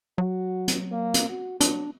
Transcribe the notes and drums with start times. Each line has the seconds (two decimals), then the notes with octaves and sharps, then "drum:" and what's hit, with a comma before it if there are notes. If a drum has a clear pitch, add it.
0.18 F#3 F#4
0.68 drum: hi-hat
0.92 A#3
1.14 drum: hi-hat
1.29 F#4
1.60 F#3 D4, drum: hi-hat